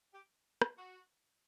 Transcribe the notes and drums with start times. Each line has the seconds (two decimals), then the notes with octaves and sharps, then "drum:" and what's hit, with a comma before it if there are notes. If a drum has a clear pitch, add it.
0.14 G4
0.62 drum: rim click
0.77 F#4